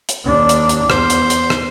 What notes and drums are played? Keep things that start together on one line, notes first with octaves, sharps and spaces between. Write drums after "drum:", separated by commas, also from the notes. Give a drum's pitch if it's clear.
drum: hi-hat
D#2 D4
drum: hi-hat
drum: hi-hat
E2 C5, drum: rim click
drum: hi-hat
drum: hi-hat
drum: rim click